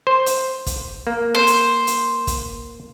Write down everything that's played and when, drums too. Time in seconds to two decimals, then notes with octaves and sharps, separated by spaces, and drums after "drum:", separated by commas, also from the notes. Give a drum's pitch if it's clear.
0.07 C5
0.26 drum: hi-hat
0.66 drum: kick, hi-hat
1.07 A#3
1.35 C5
1.47 drum: hi-hat
1.87 drum: hi-hat
2.27 drum: kick, hi-hat